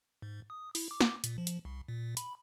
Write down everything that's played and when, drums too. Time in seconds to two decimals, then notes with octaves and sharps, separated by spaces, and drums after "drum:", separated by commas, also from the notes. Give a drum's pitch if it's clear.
0.22 G#2
0.50 D#6
0.75 E4, drum: open hi-hat
0.91 D6
1.01 drum: snare
1.24 A#2, drum: hi-hat
1.38 F3
1.47 drum: hi-hat
1.65 C2
1.88 A#2
2.17 B5, drum: hi-hat